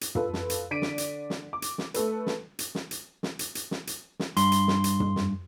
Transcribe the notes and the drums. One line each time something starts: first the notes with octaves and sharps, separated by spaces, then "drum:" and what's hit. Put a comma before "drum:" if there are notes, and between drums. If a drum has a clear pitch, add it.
drum: hi-hat
F4 A4 B4, drum: tom
drum: snare
drum: hi-hat
D3 D4 D5 B6 D7 D#7
drum: snare
drum: hi-hat
drum: snare
D6
drum: hi-hat
drum: snare
A3 A4 B4, drum: hi-hat
drum: snare
drum: hi-hat
drum: snare
drum: hi-hat
drum: snare
drum: hi-hat
drum: hi-hat
drum: snare
drum: hi-hat
drum: snare
G2 C6, drum: hi-hat
drum: hi-hat
drum: snare
drum: hi-hat
drum: tom
drum: snare